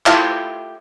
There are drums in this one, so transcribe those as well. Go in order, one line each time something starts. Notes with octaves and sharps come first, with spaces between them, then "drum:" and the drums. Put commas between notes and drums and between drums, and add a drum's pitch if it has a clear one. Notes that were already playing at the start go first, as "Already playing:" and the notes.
A3 E4 F4 G4, drum: clap